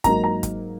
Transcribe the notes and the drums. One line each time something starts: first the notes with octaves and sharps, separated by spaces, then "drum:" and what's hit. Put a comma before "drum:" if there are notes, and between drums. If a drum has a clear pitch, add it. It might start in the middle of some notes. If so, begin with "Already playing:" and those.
G#2 F#3 A#3 D#4 A#5, drum: kick, hi-hat
A#5
drum: kick, hi-hat